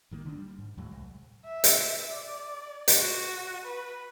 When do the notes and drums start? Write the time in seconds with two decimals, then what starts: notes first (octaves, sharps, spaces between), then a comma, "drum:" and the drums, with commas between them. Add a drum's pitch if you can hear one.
0.11 A1 D#3 F3 A#3
0.25 D3 D#3 C4 D4
0.38 G3
0.58 G#2
0.77 D#2 A2 F#3 G#3
0.92 C2
1.45 E5
1.64 drum: hi-hat
2.12 D5
2.88 drum: hi-hat
2.97 F#4
3.66 B4